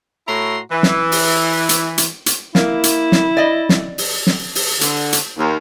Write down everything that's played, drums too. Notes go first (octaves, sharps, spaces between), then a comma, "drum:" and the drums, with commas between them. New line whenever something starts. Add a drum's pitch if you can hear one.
A2 E4 F#4 A#5 C6
E3
drum: snare
drum: open hi-hat
drum: hi-hat
drum: hi-hat
drum: hi-hat
A#3 E4, drum: snare
drum: hi-hat
drum: snare
D5 D#5
drum: snare
drum: open hi-hat
drum: snare
drum: open hi-hat
D3, drum: hi-hat
drum: hi-hat
D#2